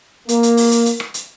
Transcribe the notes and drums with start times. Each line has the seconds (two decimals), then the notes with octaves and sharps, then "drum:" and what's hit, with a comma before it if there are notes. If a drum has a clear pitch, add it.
0.29 A#3, drum: hi-hat
0.43 drum: hi-hat
0.57 drum: open hi-hat
0.71 drum: hi-hat
0.86 drum: hi-hat
1.00 drum: rim click
1.14 drum: hi-hat